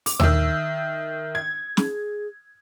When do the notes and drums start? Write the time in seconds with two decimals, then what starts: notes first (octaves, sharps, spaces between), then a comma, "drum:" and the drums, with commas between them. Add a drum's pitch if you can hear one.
0.06 D6, drum: open hi-hat
0.20 D#3 E5 E6, drum: tom D#2
1.35 G#6
1.77 G#4, drum: snare